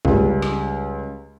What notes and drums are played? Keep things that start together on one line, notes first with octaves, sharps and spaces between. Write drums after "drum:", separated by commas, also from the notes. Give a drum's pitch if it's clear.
C#2 G3, drum: kick A1
drum: snare